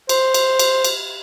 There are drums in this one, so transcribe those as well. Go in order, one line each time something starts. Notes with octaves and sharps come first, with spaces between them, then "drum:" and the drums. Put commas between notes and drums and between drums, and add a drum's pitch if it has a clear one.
C5, drum: cymbal
drum: cymbal
drum: cymbal
drum: cymbal